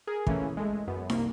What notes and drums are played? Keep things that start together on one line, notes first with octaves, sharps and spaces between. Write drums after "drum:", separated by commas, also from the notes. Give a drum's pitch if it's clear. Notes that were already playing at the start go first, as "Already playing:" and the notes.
G#4 A#4
E3 A3 A#3 C#4, drum: kick
G#3 A3
F#2 B3
C2 A#3, drum: snare